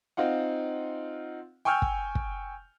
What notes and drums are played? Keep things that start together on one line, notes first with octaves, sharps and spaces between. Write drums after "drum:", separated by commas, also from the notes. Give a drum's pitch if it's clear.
C4 D#4 F4 F#5
G5 G#5 C#6 E6 F6 G6
drum: kick
drum: kick